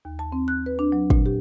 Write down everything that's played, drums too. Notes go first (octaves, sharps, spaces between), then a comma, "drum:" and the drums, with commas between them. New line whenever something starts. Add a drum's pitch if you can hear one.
D#2
A5
C4
F#6
B4
D4
F#3
A#2, drum: kick
G4